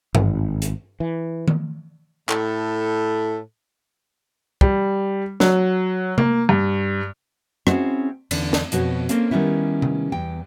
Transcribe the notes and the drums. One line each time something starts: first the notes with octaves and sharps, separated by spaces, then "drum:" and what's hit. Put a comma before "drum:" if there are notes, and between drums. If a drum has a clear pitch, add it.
G#1, drum: tom G2
drum: hi-hat
E3
drum: tom D#3
A2 A4, drum: clap
G3, drum: kick
F#3, drum: snare
A#3, drum: tom C3
G2
C4 C#4 E4 F#4 G#4 C5, drum: rim click
E2 D3 D5, drum: cymbal
drum: snare
F2 B2 F#4 C#5, drum: hi-hat
A#3 C4 C#4 A4 F5, drum: hi-hat
D#3 G3 B3 C#4 E4
drum: tom C3
E2 G5